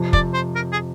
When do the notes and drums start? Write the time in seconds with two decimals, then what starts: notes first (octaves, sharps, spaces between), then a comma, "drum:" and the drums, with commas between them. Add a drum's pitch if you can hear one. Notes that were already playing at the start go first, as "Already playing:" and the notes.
Already playing: F2 C3 F3
0.13 D5, drum: kick
0.33 C5
0.55 A#4
0.72 G#4